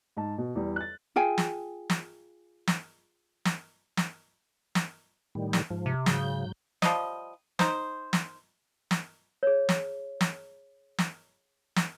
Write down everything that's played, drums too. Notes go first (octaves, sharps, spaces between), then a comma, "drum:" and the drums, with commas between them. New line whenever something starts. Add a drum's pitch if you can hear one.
G#2 A5
B2
E2 G3
F#6 A6
F4 G#4 G5 G#5
drum: snare
drum: snare
drum: snare
drum: snare
drum: snare
drum: snare
A2 D#3 G3
drum: snare
G#2 F3
C3
G#2 C#3 F#3 G6, drum: snare
F3 G3 D#5, drum: snare
D#4 C5, drum: snare
drum: snare
drum: snare
G#4 C#5
drum: snare
drum: snare
drum: snare
drum: snare